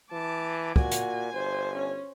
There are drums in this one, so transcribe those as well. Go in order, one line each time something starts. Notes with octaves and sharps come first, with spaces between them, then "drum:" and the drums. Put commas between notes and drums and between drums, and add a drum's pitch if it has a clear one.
E3 A5 D6
A#2 F#4 G#5, drum: kick
drum: hi-hat
G1 C5
C#4